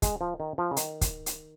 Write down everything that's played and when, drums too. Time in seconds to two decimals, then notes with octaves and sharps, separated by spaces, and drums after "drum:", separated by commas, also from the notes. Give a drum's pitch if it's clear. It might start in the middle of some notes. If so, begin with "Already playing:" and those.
0.02 G#3, drum: kick, hi-hat
0.21 F3
0.40 D#3
0.58 F3
0.71 C#3
0.77 D#3, drum: hi-hat
1.01 drum: kick, hi-hat
1.26 drum: hi-hat